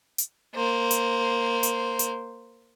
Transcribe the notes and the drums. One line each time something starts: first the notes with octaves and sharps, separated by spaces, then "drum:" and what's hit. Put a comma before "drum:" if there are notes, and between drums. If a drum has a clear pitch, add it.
drum: hi-hat
A#3 C5
drum: hi-hat
drum: hi-hat
drum: hi-hat